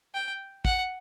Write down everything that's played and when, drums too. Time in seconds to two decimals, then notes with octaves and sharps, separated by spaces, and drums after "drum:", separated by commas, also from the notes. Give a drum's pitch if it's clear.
0.14 G5
0.65 F#5, drum: kick